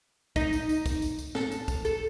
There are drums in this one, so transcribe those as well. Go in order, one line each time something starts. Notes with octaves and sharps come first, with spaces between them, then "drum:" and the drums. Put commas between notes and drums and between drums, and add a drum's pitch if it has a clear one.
D#4, drum: kick, tambourine
drum: tambourine
drum: tambourine
drum: kick, tambourine
drum: tambourine
drum: tambourine
A4, drum: snare
drum: tambourine
drum: kick, tambourine
A4, drum: tambourine